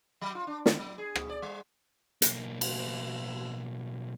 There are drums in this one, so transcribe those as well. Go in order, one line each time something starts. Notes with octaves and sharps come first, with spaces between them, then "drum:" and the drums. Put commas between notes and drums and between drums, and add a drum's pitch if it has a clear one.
F#3
F4
D4
D3, drum: snare
F#3
G#4
A#2, drum: rim click
D5
G3
B1 A#3, drum: hi-hat
drum: cymbal